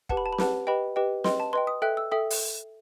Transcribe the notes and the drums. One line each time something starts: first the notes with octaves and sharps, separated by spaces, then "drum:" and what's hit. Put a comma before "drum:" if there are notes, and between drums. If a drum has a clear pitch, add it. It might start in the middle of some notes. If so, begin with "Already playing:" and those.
G4 B4 F#5 A5, drum: kick
B5
A5
B5
G4 B4 F#5 A5, drum: snare
G4 B4 D#5 G5 B5
G4 B4 D#5 G5
B4 D#5 G5 C6, drum: snare
A5
B4 D#5 G5 C6
D#6
A4 E5 G5 F#6
E6
A4 E5 G5 D#6
drum: open hi-hat